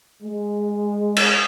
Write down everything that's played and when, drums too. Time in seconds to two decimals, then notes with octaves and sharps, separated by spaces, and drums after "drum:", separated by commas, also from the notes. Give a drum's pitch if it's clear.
0.23 G#3
1.16 drum: cymbal